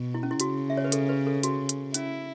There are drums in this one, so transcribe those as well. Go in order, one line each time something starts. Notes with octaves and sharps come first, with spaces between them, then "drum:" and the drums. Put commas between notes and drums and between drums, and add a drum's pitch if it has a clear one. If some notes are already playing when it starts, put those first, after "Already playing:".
Already playing: B2
E4
C#4
E4
C#3 F#4, drum: hi-hat
E5
C#5
B4
A4, drum: hi-hat
B4
A4
F#4, drum: hi-hat
drum: hi-hat
C#4 E4, drum: hi-hat